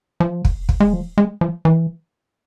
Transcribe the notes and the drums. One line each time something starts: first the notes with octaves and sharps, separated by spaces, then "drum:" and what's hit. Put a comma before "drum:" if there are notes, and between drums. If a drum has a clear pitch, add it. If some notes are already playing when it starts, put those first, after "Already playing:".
F3
drum: kick
drum: kick
G#3
F3
G#3
F3
E3